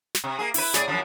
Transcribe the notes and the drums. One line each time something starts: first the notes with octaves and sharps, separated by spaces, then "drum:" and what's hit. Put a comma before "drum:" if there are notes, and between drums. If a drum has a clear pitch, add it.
drum: snare
C3
A#3 G#4
E4 B4, drum: open hi-hat
A2 G#4 D5, drum: snare
F#2 E3 F3